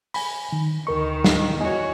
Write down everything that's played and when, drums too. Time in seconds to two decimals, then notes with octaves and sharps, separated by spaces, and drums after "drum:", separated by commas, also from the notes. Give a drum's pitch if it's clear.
0.14 G#5 B5, drum: open hi-hat
0.52 D#3
0.87 D2 D#3 A#4 C#6
1.24 drum: snare
1.61 E2 F#4 C#5 D#5 G#5